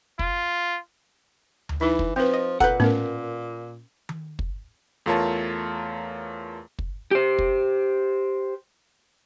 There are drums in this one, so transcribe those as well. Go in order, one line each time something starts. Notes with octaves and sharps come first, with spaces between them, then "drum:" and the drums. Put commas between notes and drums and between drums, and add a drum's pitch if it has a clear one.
F4, drum: kick
drum: tom D2
E3 D#4 E4
drum: kick
F3 C4 B4
D#5
A#2 A4 B4 F#5 A#5 F#6 G6, drum: kick
A2 B3 C#4 A#4
drum: tom D#3
drum: kick
E2 A3 F4 A#4 C#5 A5
drum: kick
G4 C5
drum: kick